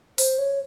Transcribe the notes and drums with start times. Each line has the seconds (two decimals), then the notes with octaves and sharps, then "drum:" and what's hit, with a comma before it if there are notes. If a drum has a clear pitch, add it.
0.18 C5, drum: open hi-hat
0.38 C#5